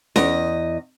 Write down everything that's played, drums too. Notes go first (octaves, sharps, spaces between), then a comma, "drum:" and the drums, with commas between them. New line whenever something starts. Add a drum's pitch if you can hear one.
E2 D#5, drum: snare C#4